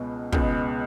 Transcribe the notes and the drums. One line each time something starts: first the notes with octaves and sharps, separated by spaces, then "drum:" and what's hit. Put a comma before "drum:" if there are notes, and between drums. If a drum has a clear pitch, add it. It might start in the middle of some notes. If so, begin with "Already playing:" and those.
Already playing: C#2 B2 G#3 B3
C#2 B2 G#3 B3, drum: kick